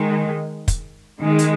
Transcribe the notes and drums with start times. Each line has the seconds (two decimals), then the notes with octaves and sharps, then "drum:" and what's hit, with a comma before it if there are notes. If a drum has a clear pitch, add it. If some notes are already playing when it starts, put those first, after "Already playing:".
Already playing: D#3 G#3
0.68 drum: kick, hi-hat
1.21 D#3 G#3
1.39 drum: hi-hat